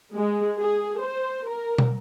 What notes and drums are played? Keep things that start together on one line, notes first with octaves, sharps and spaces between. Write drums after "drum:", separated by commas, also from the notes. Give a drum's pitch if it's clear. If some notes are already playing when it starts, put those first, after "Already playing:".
G#3
G#4
C5
A#4
drum: tom